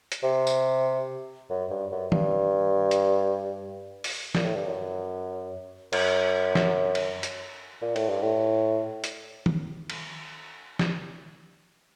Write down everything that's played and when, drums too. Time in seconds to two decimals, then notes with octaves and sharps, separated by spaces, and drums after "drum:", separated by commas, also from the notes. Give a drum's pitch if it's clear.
0.12 drum: hi-hat
0.23 C3
0.47 drum: tambourine
1.50 F#2
1.70 G2
1.91 F#2
2.12 G2, drum: tom D#3
2.91 drum: hi-hat
4.04 drum: open hi-hat
4.35 A#2, drum: snare
4.45 A2
4.55 G2
4.66 F#2
5.93 F#2, drum: cymbal
6.55 drum: snare
6.95 drum: cymbal
7.23 drum: hi-hat
7.82 A#2
7.96 A2, drum: cymbal
8.09 G2
8.23 A2
9.04 drum: hi-hat
9.46 drum: tom D#3
9.90 drum: cymbal
10.79 drum: snare